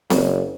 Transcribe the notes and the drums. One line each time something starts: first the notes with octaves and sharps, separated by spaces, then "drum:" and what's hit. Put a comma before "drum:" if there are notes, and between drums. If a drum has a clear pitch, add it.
F#1, drum: snare C4